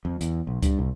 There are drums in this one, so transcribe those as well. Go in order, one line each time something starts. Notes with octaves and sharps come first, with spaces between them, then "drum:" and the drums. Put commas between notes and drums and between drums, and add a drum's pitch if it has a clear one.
F2
E2, drum: hi-hat
B1
G2, drum: kick C#2, hi-hat
C2